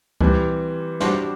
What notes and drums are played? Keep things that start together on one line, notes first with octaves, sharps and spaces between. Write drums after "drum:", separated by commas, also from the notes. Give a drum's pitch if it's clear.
E3 G3 C4, drum: kick C#2
G3 D4 F#4 C5, drum: snare